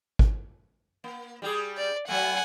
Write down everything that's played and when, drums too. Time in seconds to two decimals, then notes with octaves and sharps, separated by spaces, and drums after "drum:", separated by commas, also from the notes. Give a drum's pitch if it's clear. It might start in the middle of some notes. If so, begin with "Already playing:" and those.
0.19 drum: kick G#1
1.04 A#3
1.42 G3 G4 G#4
1.77 D5
2.08 F#3 A3 F#5 G#5